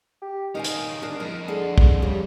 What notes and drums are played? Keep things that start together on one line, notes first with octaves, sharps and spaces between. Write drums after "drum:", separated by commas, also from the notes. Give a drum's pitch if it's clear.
G4
D#3 C#4 D#4 A#4 F5 G#5
drum: hi-hat
D4 A#4
F2 E4 A#4 D#5
D3 G#4 A4
drum: kick
C#3 G3